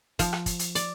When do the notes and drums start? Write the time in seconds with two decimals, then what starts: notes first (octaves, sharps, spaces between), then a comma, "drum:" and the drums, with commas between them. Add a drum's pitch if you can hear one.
0.19 F3, drum: kick, hi-hat
0.33 drum: rim click
0.46 drum: kick, hi-hat
0.59 drum: hi-hat
0.75 D5, drum: hi-hat